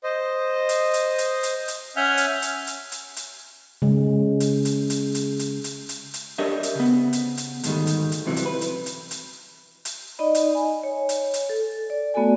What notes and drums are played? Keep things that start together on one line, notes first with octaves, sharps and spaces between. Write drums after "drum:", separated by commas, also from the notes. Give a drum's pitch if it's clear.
C5 D#5
drum: hi-hat
drum: hi-hat
drum: hi-hat
drum: hi-hat
drum: hi-hat
C#4 E5 F#5 G#5 F6 G6
drum: hi-hat
drum: hi-hat
drum: hi-hat
drum: hi-hat
drum: hi-hat
C#3 G#3
drum: hi-hat
drum: hi-hat
drum: hi-hat
drum: hi-hat
drum: hi-hat
drum: hi-hat
drum: hi-hat
drum: hi-hat
D4 G4 A#4 C#5 D#5 E5
drum: hi-hat
C#3 B3
drum: hi-hat
drum: hi-hat
D2 G#2 D#3 G3, drum: hi-hat
drum: hi-hat
drum: hi-hat
F2 G#2 C3 E3 F#3
drum: hi-hat
B4
drum: hi-hat
drum: hi-hat
drum: hi-hat
drum: hi-hat
D#4 D5 D#5 B5
drum: hi-hat
G#5
C#5
drum: hi-hat
drum: hi-hat
A4
D5
A3 B3 F#4 A4 D5 G#5